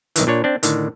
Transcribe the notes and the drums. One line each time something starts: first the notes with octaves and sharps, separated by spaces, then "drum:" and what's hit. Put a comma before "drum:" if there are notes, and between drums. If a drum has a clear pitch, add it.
B1 D#3 E3, drum: hi-hat
A#2 D4 C#5
C4 D4
A2 D3 D#3, drum: hi-hat